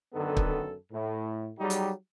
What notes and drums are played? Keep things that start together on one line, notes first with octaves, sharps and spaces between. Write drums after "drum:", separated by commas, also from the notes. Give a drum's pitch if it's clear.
F#2 D3 D#3 B3 A4
drum: kick
A2
F#3 G3 D#4 G4 G#4
drum: hi-hat